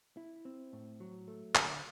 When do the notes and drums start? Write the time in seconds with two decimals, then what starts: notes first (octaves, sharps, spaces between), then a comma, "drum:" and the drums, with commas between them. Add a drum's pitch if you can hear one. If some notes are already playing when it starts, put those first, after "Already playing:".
0.17 E4
0.45 C4
0.73 A2
1.00 F#3
1.28 A3
1.55 D3, drum: clap